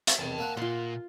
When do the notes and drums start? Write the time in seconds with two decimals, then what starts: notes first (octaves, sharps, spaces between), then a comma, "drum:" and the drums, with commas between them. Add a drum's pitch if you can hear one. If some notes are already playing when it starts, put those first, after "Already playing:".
0.07 drum: hi-hat
0.20 E2 C3 D#3 G5 A5
0.38 A#3 E5 F#5
0.57 A#2 F4 A#4 C6